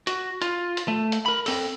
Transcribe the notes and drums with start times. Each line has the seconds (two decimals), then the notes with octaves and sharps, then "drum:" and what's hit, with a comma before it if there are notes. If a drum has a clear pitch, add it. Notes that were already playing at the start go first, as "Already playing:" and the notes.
0.07 F#4, drum: hi-hat
0.42 F4, drum: hi-hat
0.77 drum: hi-hat
0.88 A3
1.12 drum: hi-hat
1.26 A#4 B5
1.46 C4 A4, drum: open hi-hat